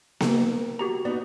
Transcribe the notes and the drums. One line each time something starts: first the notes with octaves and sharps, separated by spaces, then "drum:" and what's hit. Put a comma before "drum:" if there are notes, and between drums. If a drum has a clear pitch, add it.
A#3, drum: snare B3
F#4 G4 A#5
B3 D#4 F#4 D5